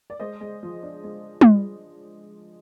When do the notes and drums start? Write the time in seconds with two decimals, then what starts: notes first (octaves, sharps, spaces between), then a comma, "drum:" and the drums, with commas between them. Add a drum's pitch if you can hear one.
0.10 D5
0.20 G#3 C5 D#5
0.41 G#3
0.63 F3
0.83 D4
1.04 G#3
1.41 drum: tom